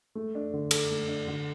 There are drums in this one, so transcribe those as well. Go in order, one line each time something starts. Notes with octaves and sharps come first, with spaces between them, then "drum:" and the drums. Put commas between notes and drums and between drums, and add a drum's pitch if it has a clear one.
A3
D4
D3
A4, drum: cymbal
A3
D4
D3